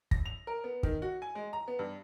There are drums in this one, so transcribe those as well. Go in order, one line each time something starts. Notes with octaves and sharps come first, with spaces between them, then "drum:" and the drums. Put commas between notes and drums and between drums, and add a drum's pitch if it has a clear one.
A#6, drum: kick
F7
A#4
B3
D#3, drum: kick
F#4
G#5
G#3
A#5
B3
G2